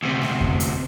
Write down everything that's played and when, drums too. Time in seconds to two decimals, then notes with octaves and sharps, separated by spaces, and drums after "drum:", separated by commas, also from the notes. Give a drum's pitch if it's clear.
0.03 D2 C3
0.22 drum: snare
0.41 drum: kick F2
0.60 drum: hi-hat